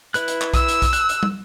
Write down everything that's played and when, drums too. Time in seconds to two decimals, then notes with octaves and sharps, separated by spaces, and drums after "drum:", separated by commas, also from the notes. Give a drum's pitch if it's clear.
0.14 E4 B4 F#6, drum: hi-hat
0.28 drum: hi-hat
0.41 drum: clap
0.54 E6, drum: kick B1, hi-hat
0.68 drum: hi-hat
0.82 drum: kick B1, hi-hat
0.93 F#6, drum: hi-hat
1.09 drum: hi-hat
1.23 drum: tom